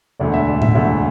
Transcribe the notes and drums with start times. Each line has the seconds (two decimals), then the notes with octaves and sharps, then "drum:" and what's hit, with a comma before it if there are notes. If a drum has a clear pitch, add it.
0.20 E1 D2 D3 A3 D5
0.34 E5
0.48 D5
0.62 E5, drum: tom A2
0.75 E1 D2 D3 A3 E5